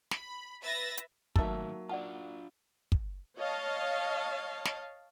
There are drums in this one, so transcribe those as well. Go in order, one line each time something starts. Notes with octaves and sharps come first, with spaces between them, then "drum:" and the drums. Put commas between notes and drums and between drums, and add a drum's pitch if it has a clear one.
B5, drum: snare
B4 E5 E6 A6 A#6
drum: hi-hat
G#2 D#3 F#3 A3 A#3 D#4 A4 E5, drum: kick
D4 F4 D5 F#5 A5
drum: kick
C#5 D#5 F5 A5
drum: snare